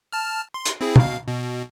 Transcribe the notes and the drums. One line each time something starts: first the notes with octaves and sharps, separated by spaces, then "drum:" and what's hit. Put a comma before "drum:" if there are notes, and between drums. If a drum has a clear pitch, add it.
A5 F6
C6
drum: hi-hat
C4 E4 G#4
B2 F5, drum: tom
B2